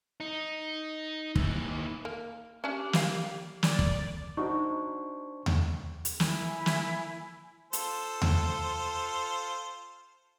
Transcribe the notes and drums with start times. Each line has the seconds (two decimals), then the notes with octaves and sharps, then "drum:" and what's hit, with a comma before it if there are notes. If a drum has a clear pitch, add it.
0.20 D#4
1.36 D#2 E3, drum: kick
2.05 A#3
2.64 C#4 D4 G4 D5
2.93 A#4 F5, drum: snare
3.63 D5, drum: snare
3.79 drum: kick
4.37 D4 D#4 F#4 C5 C#6
5.46 drum: tom D#2
6.05 drum: hi-hat
6.20 E4 G#5, drum: snare
6.66 drum: snare
7.73 F4 A4 C5, drum: hi-hat
8.22 drum: tom D#2